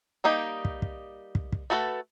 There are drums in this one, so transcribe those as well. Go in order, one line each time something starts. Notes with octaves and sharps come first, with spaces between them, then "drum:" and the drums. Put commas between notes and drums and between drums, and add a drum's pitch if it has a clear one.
G3 A#3 D#4 G4
drum: kick
drum: kick
drum: kick
drum: kick
A3 F#4 A4 B4